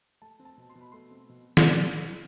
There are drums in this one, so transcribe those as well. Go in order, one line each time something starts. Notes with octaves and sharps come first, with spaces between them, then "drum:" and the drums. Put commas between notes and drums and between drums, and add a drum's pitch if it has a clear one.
A3 A5
C4
A5
B2
C6
B2
B5
A3 C6
C4
B2
drum: snare